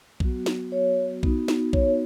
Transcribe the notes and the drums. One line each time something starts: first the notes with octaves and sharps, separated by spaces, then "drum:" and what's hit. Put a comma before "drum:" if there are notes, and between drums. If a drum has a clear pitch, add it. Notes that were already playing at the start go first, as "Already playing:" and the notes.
F#3 B3 F#4, drum: kick B1
drum: snare
C#5
B3 D#4 F#4, drum: kick B1
drum: snare
C#5, drum: kick B1